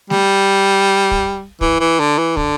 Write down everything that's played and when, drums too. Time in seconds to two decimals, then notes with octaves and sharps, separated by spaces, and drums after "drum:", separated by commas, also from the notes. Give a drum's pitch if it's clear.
0.10 G3, drum: snare A3
1.11 drum: kick
1.61 E3, drum: kick
1.80 E3
2.00 D3
2.19 E3
2.37 D3, drum: kick